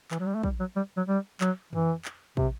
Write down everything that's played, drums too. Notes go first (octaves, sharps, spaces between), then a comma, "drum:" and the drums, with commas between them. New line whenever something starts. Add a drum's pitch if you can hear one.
E3, drum: clap
F#3
G3
A3
G3, drum: kick
F#3
G3
F#3
G3
F#3, drum: clap
E3, drum: tom F2
drum: clap
C3, drum: kick